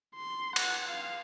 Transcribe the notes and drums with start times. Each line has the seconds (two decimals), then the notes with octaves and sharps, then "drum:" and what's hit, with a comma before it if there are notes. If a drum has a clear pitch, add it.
0.15 C6
0.56 F#5, drum: cymbal
0.89 F5